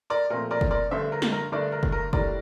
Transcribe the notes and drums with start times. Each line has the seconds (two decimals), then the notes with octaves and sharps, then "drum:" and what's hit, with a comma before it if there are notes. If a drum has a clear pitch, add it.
0.10 A#4 D5
0.30 A#2 F3 A3 C4 A#4
0.51 A#4 D5
0.61 drum: kick
0.71 A#4 D5
0.91 G2 D3 A3 D4 C5 E5
1.12 A#4
1.22 drum: snare
1.32 A#4
1.52 G2 D3 A3 D4 A#4 D5
1.72 A#4
1.83 drum: kick
1.92 A#4
2.13 A2 G3 D4 A#4 D5, drum: kick